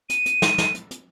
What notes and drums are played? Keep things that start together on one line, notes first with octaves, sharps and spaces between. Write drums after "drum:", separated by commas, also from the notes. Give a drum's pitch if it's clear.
D#7, drum: hi-hat
drum: hi-hat
drum: snare
drum: snare
drum: hi-hat
drum: hi-hat